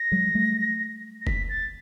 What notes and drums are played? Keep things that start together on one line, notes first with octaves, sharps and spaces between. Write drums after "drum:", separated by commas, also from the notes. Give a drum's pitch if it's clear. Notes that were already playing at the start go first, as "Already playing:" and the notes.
Already playing: A#6
F#3 G#3
G3 A3
A#6
B6, drum: kick
A6